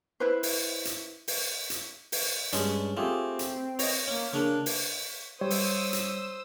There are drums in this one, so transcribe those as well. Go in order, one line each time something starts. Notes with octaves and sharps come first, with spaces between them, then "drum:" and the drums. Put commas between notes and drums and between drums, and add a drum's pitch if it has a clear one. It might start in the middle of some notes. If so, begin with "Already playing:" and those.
E4 B4 C5
drum: open hi-hat
drum: hi-hat
drum: open hi-hat
drum: hi-hat
drum: open hi-hat
G2 G#3 C#4 D4, drum: hi-hat
A3 C4 F4 G4 G#4
drum: hi-hat
C#5 D#5 A#5, drum: open hi-hat
A#3 C#4
C#3 A#3 D4
drum: open hi-hat
G3 C5 C#5 D#6 E6
drum: open hi-hat
drum: hi-hat